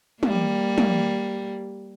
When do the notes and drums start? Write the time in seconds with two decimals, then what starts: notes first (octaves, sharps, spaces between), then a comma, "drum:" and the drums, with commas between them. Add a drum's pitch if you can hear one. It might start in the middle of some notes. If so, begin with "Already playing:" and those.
0.23 G3 A#3, drum: tom
0.78 drum: tom